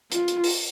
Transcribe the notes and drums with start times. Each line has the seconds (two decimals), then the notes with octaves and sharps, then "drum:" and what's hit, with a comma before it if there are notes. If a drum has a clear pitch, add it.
0.12 F4, drum: hi-hat
0.28 drum: hi-hat
0.44 drum: open hi-hat